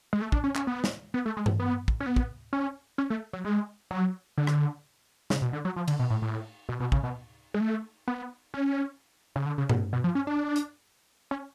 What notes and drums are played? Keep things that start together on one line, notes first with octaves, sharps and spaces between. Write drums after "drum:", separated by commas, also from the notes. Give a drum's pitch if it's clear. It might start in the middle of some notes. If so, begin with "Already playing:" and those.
G#3
A3
D4, drum: kick
C#4
C#4, drum: clap
B3
drum: snare
B3
A3
G#3
drum: tom G2
B3
drum: kick
C#4
B3
drum: kick
C#4
C#4
A3
F#3
G#3
F#3
D3
drum: rim click
C#3, drum: snare
B2
D3
F#3
F3
D3, drum: cymbal
B2
A2
A2
B2
B2
C#3, drum: kick
B2
G#3
A3
B3
C#4
C#3
D3
C#3
B2, drum: tom G2
B2
F3
C#4
D4
drum: hi-hat
C#4